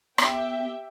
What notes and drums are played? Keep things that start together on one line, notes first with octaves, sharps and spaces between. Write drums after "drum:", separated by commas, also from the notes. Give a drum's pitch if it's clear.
B3 G4 E5 G5, drum: rim click